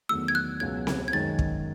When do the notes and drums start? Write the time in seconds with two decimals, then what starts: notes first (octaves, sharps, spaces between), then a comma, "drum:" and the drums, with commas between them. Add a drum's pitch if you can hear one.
0.09 E2 D#3 F#3 A3 E6
0.28 G#6
0.35 F#6
0.60 C#2 B2 F#3 C#4 G#6
0.87 drum: snare C4
1.08 G#6
1.13 F#2 D#3 G#3 C#4 A6
1.39 drum: kick